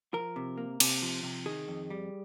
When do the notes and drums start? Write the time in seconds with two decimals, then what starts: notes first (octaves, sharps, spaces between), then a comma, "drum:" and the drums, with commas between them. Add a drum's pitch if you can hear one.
0.13 F3 A#4
0.36 C3
0.57 A#3
0.80 C3, drum: cymbal
1.02 F3
1.23 C3
1.46 D#3 G#4
1.68 F2
1.90 G3